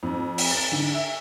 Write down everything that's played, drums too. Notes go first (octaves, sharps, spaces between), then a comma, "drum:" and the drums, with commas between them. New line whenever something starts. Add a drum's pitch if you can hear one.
F2
drum: open hi-hat
A6
D3
E5